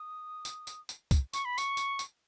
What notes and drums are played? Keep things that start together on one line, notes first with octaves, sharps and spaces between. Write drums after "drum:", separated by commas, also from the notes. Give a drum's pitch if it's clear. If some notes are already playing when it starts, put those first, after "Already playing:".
Already playing: D#6
drum: tambourine
drum: tambourine
drum: tambourine
drum: kick, tambourine
C#6, drum: tambourine
B5
C#6, drum: tambourine
drum: tambourine
drum: tambourine